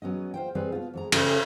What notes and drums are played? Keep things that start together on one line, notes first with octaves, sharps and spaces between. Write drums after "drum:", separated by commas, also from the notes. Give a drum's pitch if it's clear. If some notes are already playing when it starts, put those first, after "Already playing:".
F#3 B3 C#4 D#5
F4 C5 G5
G3 G#3 C4 B4 D5
B2 F4
F2 G#3 A#5
C#3 C#4 F4 G4 A4 B4, drum: cymbal